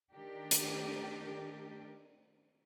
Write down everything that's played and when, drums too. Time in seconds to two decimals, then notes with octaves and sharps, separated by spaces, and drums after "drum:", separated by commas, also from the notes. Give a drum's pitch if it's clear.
0.12 D#3 A3 D4 G4 A4 A#4
0.51 drum: hi-hat